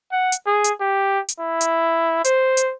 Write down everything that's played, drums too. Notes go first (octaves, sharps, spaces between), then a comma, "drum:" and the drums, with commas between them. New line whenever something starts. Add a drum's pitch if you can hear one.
F#5
drum: hi-hat
G#4
drum: hi-hat
G4
drum: hi-hat
E4
drum: hi-hat
C5, drum: hi-hat
drum: hi-hat